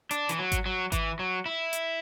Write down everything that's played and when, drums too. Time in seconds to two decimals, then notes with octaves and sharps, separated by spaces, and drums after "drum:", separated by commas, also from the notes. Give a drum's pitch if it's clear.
0.11 D4, drum: hi-hat
0.29 E3, drum: hi-hat
0.39 F#3
0.52 drum: kick G#1, hi-hat
0.66 F#3
0.92 E3, drum: kick G#1, hi-hat
1.19 F#3
1.46 E4
1.73 drum: hi-hat